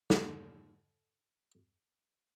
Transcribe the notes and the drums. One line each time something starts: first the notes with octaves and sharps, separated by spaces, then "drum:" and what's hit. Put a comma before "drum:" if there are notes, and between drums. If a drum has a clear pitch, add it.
A2 D3, drum: snare